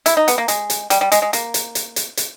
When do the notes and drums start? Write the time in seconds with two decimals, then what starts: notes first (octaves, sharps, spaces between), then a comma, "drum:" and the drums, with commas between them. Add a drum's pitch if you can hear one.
0.06 E4, drum: hi-hat
0.17 D#4
0.28 B3, drum: hi-hat
0.38 A#3
0.48 G#3, drum: hi-hat
0.70 drum: hi-hat
0.90 G3, drum: hi-hat
1.01 G3
1.12 G#3, drum: hi-hat
1.22 G#3
1.33 A#3, drum: hi-hat
1.54 drum: hi-hat
1.75 drum: hi-hat
1.96 drum: hi-hat
2.17 drum: hi-hat